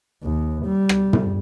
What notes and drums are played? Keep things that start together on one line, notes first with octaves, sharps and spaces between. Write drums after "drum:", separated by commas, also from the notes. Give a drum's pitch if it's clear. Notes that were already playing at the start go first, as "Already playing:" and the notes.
D#2
G3
drum: rim click
drum: tom